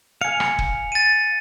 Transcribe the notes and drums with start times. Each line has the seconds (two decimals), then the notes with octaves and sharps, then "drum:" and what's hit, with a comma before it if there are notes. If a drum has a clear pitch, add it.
0.21 F5 G#5 C#7
0.40 drum: rim click
0.59 drum: kick
0.92 A6 D#7